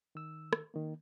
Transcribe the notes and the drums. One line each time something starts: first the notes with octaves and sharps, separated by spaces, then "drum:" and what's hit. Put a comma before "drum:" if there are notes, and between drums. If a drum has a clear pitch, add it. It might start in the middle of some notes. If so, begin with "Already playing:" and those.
D#3 E6
drum: rim click
D#3 A#3